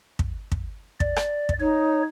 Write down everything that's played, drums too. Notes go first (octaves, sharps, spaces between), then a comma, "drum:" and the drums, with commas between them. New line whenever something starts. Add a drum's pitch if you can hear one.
drum: kick
drum: kick
D5, drum: kick
drum: rim click
drum: kick
D#4 C#5